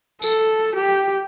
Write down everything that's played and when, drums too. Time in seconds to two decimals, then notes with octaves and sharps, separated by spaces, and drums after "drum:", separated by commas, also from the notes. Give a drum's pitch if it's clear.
0.22 A4, drum: tambourine
0.75 G4